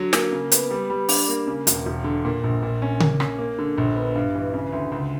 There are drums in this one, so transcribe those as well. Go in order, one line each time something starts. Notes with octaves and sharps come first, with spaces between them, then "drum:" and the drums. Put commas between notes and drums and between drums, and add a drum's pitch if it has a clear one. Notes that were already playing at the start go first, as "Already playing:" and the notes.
Already playing: D3 F#3
A#3, drum: snare
C#3
B3, drum: hi-hat
G3
G3
D4, drum: open hi-hat
A#3
C#3
E1, drum: hi-hat
E1
D3
A#2
A#1
A#2
C#4
A#3, drum: tom C#3
C#4, drum: rim click
A#3
D3
A#1
B3
G2
E3
C#3
D2
C#2